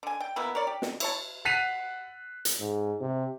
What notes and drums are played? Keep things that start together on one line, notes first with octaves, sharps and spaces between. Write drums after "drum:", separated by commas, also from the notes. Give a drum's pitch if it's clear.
D3 G#5
G5
B2 A#3 B3 E4
A#4 C#5 D5
G4
drum: snare
E4 C#5 A5, drum: cymbal
F#5 F#6 B6 C7 D#7 F7
drum: hi-hat
G#2
C3